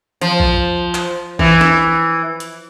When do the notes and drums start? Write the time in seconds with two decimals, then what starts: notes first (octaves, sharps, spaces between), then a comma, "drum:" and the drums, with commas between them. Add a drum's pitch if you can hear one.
0.21 F3, drum: hi-hat
0.40 drum: kick B1
0.95 drum: clap
1.39 E3, drum: kick B1
1.61 drum: snare
2.40 drum: hi-hat